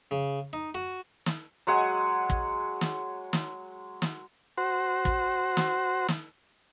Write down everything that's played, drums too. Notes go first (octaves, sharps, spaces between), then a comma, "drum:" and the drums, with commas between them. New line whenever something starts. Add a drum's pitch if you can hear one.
C#3
D#4
F#4
drum: snare
F#3 G#3 F#5 G#5
drum: kick
drum: snare
drum: snare
drum: snare
F#4 C5
drum: kick
drum: snare
drum: snare